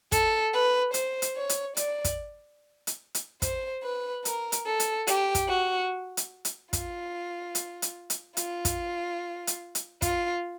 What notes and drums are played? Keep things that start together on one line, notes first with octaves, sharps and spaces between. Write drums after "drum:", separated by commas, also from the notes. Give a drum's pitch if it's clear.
A4, drum: kick, hi-hat
B4
C5, drum: hi-hat
drum: hi-hat
C#5
drum: hi-hat
D5, drum: hi-hat
drum: kick, hi-hat
drum: hi-hat
drum: hi-hat
C5, drum: kick, hi-hat
B4
A#4, drum: hi-hat
drum: hi-hat
A4
drum: hi-hat
G4, drum: hi-hat
drum: kick, hi-hat
F#4
drum: hi-hat
drum: hi-hat
F4, drum: kick, hi-hat
drum: hi-hat
drum: hi-hat
drum: hi-hat
F4, drum: hi-hat
drum: kick, hi-hat
drum: hi-hat
drum: hi-hat
F4, drum: kick, hi-hat